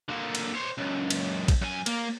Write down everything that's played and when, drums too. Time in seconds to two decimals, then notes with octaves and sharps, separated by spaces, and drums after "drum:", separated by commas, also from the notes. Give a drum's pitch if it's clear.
0.09 D3 A#3
0.35 drum: cymbal
0.54 C5 C#5
0.78 C#2 F#2
1.10 drum: cymbal
1.48 drum: kick, cymbal
1.61 F#2 G#5
1.86 A#3, drum: cymbal